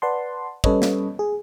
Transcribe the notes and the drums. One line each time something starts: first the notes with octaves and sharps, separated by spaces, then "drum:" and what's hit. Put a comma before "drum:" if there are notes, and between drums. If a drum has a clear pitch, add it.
B4 D5 F#5 A5 C6
G3 C#4 A4 B4 C#5 D#5, drum: kick
drum: snare
G#4